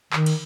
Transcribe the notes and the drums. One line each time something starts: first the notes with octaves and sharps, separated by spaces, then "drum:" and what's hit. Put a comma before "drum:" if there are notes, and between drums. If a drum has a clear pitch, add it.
D#3, drum: clap
drum: cymbal